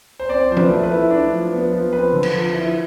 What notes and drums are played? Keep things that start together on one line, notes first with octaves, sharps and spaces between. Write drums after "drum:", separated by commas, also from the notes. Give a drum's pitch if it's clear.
C5
C4 D5
F3 C5
B4, drum: tom
A3
B4
E4
D4
F3
B3
F3
C4 B4
D3
drum: cymbal
F3
E4